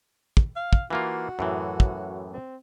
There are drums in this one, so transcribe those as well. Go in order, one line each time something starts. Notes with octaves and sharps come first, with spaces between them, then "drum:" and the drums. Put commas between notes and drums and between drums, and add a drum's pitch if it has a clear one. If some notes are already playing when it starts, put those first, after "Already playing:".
drum: kick
F5
drum: kick
E3 A#3 F4 F#4
F#2 A2 E3
drum: kick
C4